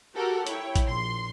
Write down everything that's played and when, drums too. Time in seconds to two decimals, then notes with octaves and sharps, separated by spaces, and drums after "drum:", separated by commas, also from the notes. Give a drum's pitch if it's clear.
0.14 F#4 G4 A4 A#4 F#5
0.47 E4 C#5 G5, drum: hi-hat
0.75 drum: kick A1, hi-hat
0.87 A#1 C6